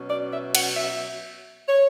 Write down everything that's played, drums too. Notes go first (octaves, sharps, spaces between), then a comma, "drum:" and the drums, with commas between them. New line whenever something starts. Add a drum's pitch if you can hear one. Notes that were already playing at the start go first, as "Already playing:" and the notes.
Already playing: B2 F#3 C#4
D5
E5
F#5, drum: cymbal
E5
C#5